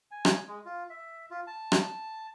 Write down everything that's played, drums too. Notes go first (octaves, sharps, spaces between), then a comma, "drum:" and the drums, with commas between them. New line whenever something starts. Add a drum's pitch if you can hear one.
G#5
drum: rim click
G#3
F4
E5
F4
A5
drum: rim click